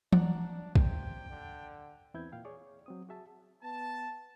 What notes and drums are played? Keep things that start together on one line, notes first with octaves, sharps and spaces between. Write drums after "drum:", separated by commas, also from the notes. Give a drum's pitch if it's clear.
D4 D5 F#5 A#5, drum: tom E3
C3 G5, drum: kick
D3
E2 C4 E4 B4 G6 G#6
A#2 F5 G5
G#4 C#5 D5
F#3 C4 D#6
F#4 G#4 E5 A5
B3 A5